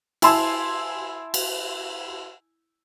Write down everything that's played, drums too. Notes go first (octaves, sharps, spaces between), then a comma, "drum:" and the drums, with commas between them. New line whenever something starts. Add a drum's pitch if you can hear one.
E4 G#5 A5 C6 E6, drum: cymbal
drum: cymbal